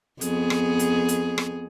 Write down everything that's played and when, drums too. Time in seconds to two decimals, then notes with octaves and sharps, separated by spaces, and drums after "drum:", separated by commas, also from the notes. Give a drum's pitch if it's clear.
0.21 F2 B3 G#4, drum: hi-hat
0.50 drum: rim click
0.79 drum: hi-hat
1.09 drum: hi-hat
1.38 drum: rim click